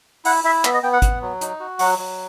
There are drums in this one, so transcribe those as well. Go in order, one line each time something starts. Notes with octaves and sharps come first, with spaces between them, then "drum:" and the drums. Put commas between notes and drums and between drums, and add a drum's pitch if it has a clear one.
E4 F#5, drum: open hi-hat
E4 E5
B3 E5, drum: clap
D#5
B3 G5
F#5
B3, drum: kick G#1, hi-hat
F#3
D#4, drum: hi-hat
F#4
F#3 F#5, drum: open hi-hat
F#3